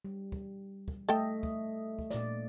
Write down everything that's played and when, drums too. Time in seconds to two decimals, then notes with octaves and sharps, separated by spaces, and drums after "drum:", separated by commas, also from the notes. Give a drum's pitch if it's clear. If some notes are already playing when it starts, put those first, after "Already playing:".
0.05 G3
0.32 drum: kick
0.88 drum: kick
1.09 A3 A4 D#5 E5 G5
1.43 drum: kick
1.99 drum: kick
2.10 A#2 D5, drum: snare